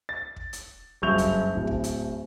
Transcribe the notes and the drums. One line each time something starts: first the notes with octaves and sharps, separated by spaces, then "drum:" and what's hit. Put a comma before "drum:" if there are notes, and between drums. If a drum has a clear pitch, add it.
A6
drum: kick
drum: hi-hat
F#1 G2 F#3 C#6 G6 F7
drum: kick, hi-hat
D1 A2
drum: kick
drum: hi-hat